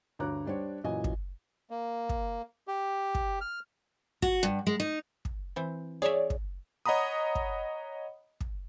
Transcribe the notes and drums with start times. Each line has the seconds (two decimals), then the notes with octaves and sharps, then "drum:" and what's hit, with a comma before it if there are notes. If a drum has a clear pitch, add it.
0.19 D2 G2 C#5 A#5 D6 F#6
0.46 G3 D4 C5 C#5
0.84 F#2 A#2 E3 D#5 G#5
1.04 drum: kick
1.70 A#3
2.09 drum: kick
2.68 G4
3.15 drum: kick
3.41 F6
4.22 F#4, drum: kick
4.43 G2
4.67 G#3
4.80 D#4
5.25 drum: kick
5.56 E3 C4
6.02 G#4 C#5 D5 E5
6.30 drum: kick
6.86 C#5 D#5 F#5 A#5 B5 D#6
7.35 drum: kick
8.41 drum: kick